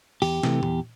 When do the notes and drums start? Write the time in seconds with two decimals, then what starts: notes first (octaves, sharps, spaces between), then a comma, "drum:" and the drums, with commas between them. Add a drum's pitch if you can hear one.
0.22 E2 G4, drum: open hi-hat
0.43 C3 E3 A3, drum: snare
0.63 E2, drum: tom A#2